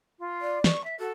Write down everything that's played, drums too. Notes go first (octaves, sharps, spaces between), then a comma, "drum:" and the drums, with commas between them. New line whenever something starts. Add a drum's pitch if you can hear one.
F4
D5
C#6, drum: snare
E5
F#4 A4